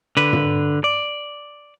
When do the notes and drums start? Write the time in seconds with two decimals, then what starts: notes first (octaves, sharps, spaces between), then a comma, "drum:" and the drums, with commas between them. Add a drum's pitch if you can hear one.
0.17 D3 B4
0.33 drum: tom
0.84 D5